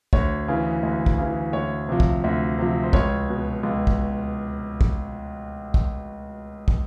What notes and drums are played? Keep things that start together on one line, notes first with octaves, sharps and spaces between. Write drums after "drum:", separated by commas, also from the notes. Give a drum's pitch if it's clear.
D2 C#5, drum: kick
C#3 E3
D2
drum: kick
C#3 E3
D2 C#5
C3 F3
drum: kick
D2
C3 F3
C5
C#2 C#5, drum: kick
B2
C#2
drum: kick
drum: kick
drum: kick
drum: kick